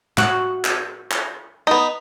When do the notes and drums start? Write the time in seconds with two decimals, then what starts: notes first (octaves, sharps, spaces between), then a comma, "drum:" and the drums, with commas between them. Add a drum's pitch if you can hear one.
0.18 F#4, drum: clap
0.65 drum: clap
1.11 drum: clap
1.67 B3 D#4